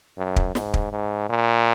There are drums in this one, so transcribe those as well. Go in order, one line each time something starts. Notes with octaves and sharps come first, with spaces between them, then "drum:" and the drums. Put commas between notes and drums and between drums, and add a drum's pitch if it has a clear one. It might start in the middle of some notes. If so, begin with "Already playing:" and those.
F#2
drum: kick
G#2, drum: snare
drum: kick
G#2
A#2